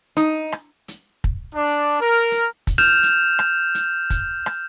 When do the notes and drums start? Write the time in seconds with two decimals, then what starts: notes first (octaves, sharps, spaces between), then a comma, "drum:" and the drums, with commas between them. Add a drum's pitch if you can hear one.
0.17 D#4, drum: hi-hat
0.52 drum: rim click
0.88 drum: hi-hat
1.24 drum: kick
1.54 D4
2.01 A#4
2.31 drum: hi-hat
2.67 drum: kick, hi-hat
2.78 F6 G6 E7 F7
3.03 drum: hi-hat
3.39 drum: rim click
3.75 drum: hi-hat
4.10 drum: kick, hi-hat
4.46 drum: rim click